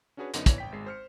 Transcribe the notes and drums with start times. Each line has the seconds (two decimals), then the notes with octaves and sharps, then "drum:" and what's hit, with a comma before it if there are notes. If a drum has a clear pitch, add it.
0.17 C#4 D4 F#4 G#4 B4 C#5
0.34 F#2 D3 B3 D#4, drum: hi-hat
0.46 E3 C#5 D5, drum: kick, hi-hat
0.58 G1 G5 B6
0.72 G#1 G#3 C7
0.86 C5 F6 C#7